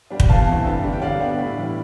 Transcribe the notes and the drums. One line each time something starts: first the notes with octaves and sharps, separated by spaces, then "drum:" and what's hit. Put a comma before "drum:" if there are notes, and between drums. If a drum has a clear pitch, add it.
G3 D4
drum: kick
E2 F5 A5
C3 E3 A3 C4
G2
D3 G3
G5
D3 D5 F5
G3 B3 D4
A2
E3 G3